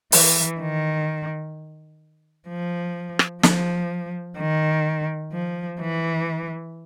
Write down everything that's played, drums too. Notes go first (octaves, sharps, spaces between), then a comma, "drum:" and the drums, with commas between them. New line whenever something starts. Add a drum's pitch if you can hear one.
E3, drum: open hi-hat
D#3
F3
drum: rim click
F3, drum: snare
D#3
F3
E3